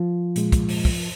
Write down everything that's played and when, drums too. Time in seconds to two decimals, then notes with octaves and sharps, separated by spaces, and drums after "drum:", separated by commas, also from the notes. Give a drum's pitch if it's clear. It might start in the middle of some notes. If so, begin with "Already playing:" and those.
Already playing: F3 F4
0.36 A#2 G#3, drum: hi-hat
0.52 drum: kick, hi-hat
0.69 drum: open hi-hat
0.85 drum: kick, open hi-hat